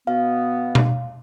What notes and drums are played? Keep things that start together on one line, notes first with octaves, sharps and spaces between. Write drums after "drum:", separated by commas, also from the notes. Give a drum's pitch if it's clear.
B2 B3 F5
drum: tom B2